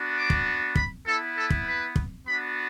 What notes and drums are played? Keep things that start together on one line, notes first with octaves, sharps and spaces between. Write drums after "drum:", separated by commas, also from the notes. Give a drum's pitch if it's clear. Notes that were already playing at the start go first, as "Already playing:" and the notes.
Already playing: B3 D4 F#4
D6
drum: kick
B5, drum: kick
B3 E4 A4
A4
drum: kick
B4
drum: kick
B3 D4 F#4 B5